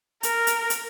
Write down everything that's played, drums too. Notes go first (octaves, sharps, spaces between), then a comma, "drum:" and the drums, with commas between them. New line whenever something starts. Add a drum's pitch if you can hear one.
A#4, drum: hi-hat
drum: hi-hat
drum: hi-hat